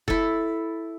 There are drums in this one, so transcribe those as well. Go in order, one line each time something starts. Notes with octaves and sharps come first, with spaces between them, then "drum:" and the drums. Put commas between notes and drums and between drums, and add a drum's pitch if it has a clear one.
E4 A4, drum: kick F1